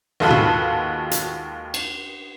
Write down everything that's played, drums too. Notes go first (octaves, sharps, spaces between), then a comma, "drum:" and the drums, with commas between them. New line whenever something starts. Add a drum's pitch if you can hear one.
D#2 G#3 F4 F#4 A4 B4
drum: tom
drum: hi-hat
drum: cymbal